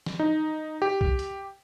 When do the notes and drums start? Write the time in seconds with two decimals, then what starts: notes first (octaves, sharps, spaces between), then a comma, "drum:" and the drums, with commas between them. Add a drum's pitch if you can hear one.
0.06 drum: snare
0.19 D#4
0.82 G4
1.01 drum: kick
1.19 drum: hi-hat